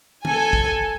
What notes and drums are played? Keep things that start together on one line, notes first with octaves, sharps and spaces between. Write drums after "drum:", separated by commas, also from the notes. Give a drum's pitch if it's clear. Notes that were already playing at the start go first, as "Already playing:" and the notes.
A4 G#5, drum: tom
drum: kick